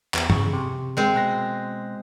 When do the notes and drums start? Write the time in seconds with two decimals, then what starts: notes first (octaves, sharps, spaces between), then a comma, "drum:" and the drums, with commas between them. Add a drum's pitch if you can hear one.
0.14 E2, drum: clap
0.30 C#3 C#6, drum: tom
0.53 C3
0.97 G#3 C4
1.15 B2 F#6 A#6